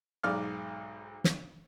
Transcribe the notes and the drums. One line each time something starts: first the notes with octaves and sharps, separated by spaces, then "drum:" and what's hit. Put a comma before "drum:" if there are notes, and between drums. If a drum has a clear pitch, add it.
B1 G#2 D5 F5 F6
drum: snare